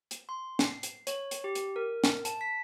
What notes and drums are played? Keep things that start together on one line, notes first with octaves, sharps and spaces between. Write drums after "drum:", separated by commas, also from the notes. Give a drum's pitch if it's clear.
drum: hi-hat
C6
C7, drum: snare
drum: hi-hat
C#5, drum: hi-hat
drum: hi-hat
G4
drum: hi-hat
A#4
drum: snare
A5, drum: hi-hat
B6